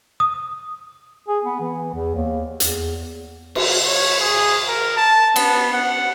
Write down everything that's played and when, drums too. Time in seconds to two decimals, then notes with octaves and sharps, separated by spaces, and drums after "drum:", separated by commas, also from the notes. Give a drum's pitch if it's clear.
0.20 D#6
1.28 G#4
1.45 B3
1.60 E3
1.94 E2
2.15 D#2
2.60 E2, drum: hi-hat
3.55 drum: cymbal
3.87 C#5
4.20 G#4
4.68 A#4
4.97 A5
5.36 B3, drum: cymbal
5.73 F#5